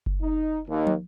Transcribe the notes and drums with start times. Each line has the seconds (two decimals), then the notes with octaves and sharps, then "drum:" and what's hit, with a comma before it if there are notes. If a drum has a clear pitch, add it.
0.06 drum: kick F#1
0.22 D#4
0.68 D#2
0.87 drum: tom